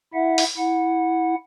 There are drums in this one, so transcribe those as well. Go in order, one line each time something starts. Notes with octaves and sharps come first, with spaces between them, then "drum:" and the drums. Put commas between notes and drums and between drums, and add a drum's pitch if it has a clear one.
E4 E5 F#5
drum: open hi-hat
E4 F#5